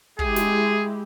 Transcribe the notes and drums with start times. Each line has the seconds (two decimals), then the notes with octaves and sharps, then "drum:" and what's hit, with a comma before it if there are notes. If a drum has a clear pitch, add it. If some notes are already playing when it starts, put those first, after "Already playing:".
0.19 G#3 E4 G4 G#4, drum: kick
0.36 drum: snare